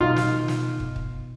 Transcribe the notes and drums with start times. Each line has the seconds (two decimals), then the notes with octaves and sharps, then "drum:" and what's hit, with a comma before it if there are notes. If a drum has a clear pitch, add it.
0.01 B2 D#4 F4
0.16 drum: snare
0.48 drum: snare
0.80 drum: kick
0.96 drum: kick